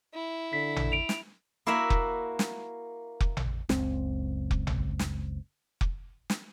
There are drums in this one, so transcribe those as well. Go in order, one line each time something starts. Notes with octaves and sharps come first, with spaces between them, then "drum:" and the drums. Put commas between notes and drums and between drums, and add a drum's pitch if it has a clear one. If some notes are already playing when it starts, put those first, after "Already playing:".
E4
D3 B6
drum: tom A1
D7 F7
drum: snare
A#3 E4 F#4 A#4 E5 A#5
drum: kick F1
drum: snare
drum: kick F1
drum: tom A1
F#1 C#2 C4, drum: snare
drum: kick F1
drum: tom A1
drum: snare
drum: kick F1
drum: snare